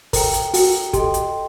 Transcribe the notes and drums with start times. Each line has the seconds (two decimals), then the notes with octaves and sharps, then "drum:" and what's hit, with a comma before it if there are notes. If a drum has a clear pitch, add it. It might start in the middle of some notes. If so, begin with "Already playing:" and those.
0.13 A4 A#4 C5 G5 A#5, drum: kick, open hi-hat
0.34 drum: hi-hat
0.54 F#4, drum: open hi-hat
0.93 G4 A4 D#5 G5 C6, drum: kick, hi-hat
1.14 drum: hi-hat